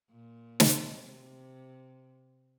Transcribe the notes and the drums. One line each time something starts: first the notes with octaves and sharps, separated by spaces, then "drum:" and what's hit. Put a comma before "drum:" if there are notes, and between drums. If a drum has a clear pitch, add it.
A#2
drum: snare
C3